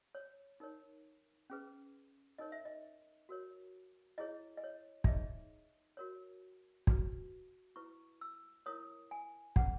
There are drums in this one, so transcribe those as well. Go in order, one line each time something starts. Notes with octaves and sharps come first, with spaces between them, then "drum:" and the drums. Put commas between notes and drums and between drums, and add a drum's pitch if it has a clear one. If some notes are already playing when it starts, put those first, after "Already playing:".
C#5
D#4 A#4 C#5
C#4 G#4 B4
D#4 A#4 C#5 D#5
E5
D#5
F#4 A#4 C#5
E4 G#4 C#5 D#5
D#5
C#5
E5, drum: kick
D#4 G#4 C#5 D#5
F#4 A#4 C#5
F#4 B4, drum: kick
E4 B4 C#6
E6
E4 A#4 C#5 D#6
G#5
C#4 G#4 B4 F#5, drum: kick